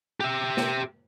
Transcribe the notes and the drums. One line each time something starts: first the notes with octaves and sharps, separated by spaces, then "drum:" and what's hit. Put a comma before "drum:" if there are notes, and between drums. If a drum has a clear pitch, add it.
G4 E5
drum: snare